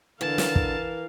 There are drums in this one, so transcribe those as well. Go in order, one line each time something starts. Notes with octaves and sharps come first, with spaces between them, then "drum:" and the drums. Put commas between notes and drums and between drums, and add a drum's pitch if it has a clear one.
D3 E3 A#4 F5 A5
drum: snare
drum: kick